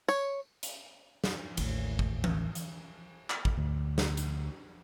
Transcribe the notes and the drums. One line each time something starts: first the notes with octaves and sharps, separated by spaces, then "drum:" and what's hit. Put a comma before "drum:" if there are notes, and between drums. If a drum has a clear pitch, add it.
C#5, drum: tambourine
drum: hi-hat
drum: snare
A1 D#2, drum: cymbal
drum: kick
drum: tom E3
drum: hi-hat
drum: clap
drum: kick
D2
drum: snare
drum: hi-hat